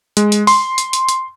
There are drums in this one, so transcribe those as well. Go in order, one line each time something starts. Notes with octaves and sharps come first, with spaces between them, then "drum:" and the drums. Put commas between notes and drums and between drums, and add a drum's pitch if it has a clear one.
G#3, drum: hi-hat
drum: hi-hat
C6, drum: open hi-hat
drum: hi-hat
drum: hi-hat
drum: hi-hat